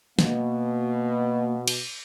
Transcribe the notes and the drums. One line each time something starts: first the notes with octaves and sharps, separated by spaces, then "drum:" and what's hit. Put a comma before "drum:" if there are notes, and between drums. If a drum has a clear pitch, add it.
B2 A#3, drum: snare
drum: cymbal